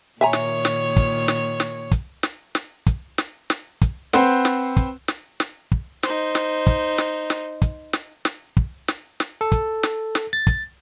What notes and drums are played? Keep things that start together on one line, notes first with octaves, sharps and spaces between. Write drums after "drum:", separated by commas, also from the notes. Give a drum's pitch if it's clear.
A#2 D#3 C#5 E5 G#5 A#5
drum: snare
drum: snare
drum: kick, hi-hat
drum: snare
drum: snare
drum: kick, hi-hat
drum: snare
drum: snare
drum: kick, hi-hat
drum: snare
drum: snare
drum: kick, hi-hat
C4 B4 C5 F#5, drum: snare
drum: snare
drum: kick, hi-hat
drum: snare
drum: snare
drum: kick
D#4 C5, drum: snare
drum: snare
drum: kick, hi-hat
drum: snare
drum: snare
drum: kick, hi-hat
drum: snare
drum: snare
drum: kick
drum: snare
drum: snare
A4
drum: kick, hi-hat
drum: snare
drum: snare
A6
drum: kick, hi-hat